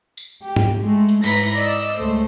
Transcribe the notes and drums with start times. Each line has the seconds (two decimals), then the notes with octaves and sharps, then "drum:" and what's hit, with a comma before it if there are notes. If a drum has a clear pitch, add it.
0.17 drum: tambourine
0.43 G4
0.56 drum: tom G#2
0.79 G#3 A3
1.09 drum: hi-hat
1.23 G#2 E4 B4 A#5 A#6 B6, drum: cymbal
1.55 D5 D#5 E6
1.96 C#2 A3 C5